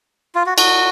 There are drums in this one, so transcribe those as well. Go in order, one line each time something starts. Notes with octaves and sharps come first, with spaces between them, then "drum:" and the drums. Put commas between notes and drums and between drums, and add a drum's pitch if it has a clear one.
F4
F#4
F#4, drum: cymbal